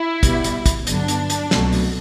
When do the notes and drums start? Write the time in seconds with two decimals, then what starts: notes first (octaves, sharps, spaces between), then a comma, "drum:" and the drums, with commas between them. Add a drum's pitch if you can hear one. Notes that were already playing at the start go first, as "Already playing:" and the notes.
Already playing: E4
0.23 B2 G3 B3, drum: kick, hi-hat
0.44 drum: hi-hat
0.66 drum: kick, hi-hat
0.87 G2 D3 F#3 B3 D4, drum: hi-hat
1.08 drum: hi-hat
1.30 drum: hi-hat
1.51 C2 B2 F#3 A3, drum: snare
1.72 drum: open hi-hat